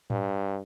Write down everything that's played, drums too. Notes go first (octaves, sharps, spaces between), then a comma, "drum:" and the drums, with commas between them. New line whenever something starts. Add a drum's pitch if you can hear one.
G2, drum: tom A2